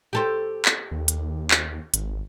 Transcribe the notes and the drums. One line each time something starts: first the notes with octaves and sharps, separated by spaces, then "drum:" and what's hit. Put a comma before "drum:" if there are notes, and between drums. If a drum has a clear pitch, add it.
G4 A4 C5
drum: clap
D#2
drum: hi-hat
drum: clap
G#1, drum: hi-hat